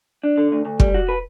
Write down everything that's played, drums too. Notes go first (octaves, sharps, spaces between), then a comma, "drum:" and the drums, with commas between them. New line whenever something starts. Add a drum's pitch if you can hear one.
D4
D3
D2
D2
G3, drum: kick
F#4
B4